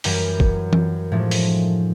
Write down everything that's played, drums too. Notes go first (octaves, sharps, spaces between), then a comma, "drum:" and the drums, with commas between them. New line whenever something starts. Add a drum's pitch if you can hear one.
F#2 E3 G3 A#4 G#6, drum: open hi-hat
drum: kick
drum: tom E3
A2 F3 G#3 A3 D4
drum: open hi-hat